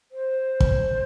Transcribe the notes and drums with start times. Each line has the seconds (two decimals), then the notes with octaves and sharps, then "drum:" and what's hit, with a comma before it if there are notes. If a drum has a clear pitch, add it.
0.12 C5
0.60 drum: kick